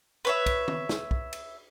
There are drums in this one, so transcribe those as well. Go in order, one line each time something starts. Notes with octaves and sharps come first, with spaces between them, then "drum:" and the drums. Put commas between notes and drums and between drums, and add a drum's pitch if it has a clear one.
B4 C#5 E5
drum: kick, cymbal
drum: tom D#3
drum: snare
drum: kick
drum: cymbal